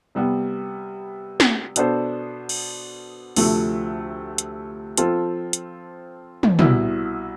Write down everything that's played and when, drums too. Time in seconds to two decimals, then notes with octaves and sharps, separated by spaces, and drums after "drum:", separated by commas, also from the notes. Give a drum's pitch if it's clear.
0.15 C3 G3 B3
1.40 drum: snare
1.76 B2 B3 D4 A4 C5, drum: hi-hat
2.49 drum: cymbal
3.36 D2 C3 F3 A3, drum: open hi-hat
4.38 drum: hi-hat
4.97 F3 C4 F4 A4, drum: hi-hat
5.53 drum: hi-hat
6.43 drum: tom
6.59 C2 B2 B3 E4, drum: tom